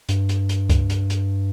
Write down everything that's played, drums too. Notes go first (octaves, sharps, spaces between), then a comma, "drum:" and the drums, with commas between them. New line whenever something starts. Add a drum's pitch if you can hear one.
G2, drum: hi-hat
drum: hi-hat
drum: hi-hat
drum: kick C#2, hi-hat
drum: hi-hat
drum: hi-hat